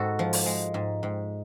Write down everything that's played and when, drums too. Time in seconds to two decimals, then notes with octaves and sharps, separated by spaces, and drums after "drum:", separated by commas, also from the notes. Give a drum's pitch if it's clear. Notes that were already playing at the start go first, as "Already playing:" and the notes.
Already playing: G#2 F#4 A4
0.19 F3
0.33 drum: open hi-hat
0.46 G#3
0.74 G#2
1.03 G#2